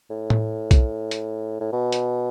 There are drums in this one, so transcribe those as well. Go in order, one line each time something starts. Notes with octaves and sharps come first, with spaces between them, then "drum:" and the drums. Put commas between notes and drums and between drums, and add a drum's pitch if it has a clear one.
A2
drum: tom A2
drum: kick B1, hi-hat
drum: hi-hat
A2
B2
drum: hi-hat